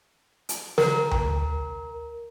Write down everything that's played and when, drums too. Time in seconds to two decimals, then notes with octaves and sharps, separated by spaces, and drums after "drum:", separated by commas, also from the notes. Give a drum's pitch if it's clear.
0.49 drum: hi-hat
0.78 A#4, drum: snare
1.11 drum: tom D2